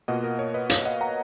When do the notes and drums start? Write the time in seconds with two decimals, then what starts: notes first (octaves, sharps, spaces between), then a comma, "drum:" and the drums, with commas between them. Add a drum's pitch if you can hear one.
0.08 B2 A#3 F4 D#5 F#5
0.23 A#4
0.39 A#4 C#5
0.54 B4 D#5
0.70 C#5 F5, drum: hi-hat
0.85 D#5 F#5
1.01 F#5 A#5